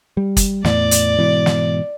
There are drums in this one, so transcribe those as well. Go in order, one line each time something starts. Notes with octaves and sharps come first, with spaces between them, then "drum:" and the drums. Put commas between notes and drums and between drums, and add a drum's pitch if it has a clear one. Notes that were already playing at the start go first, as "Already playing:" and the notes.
G3
drum: kick, hi-hat
E2 A2 E3 D5, drum: snare
drum: hi-hat
G#2 B2 E3
drum: snare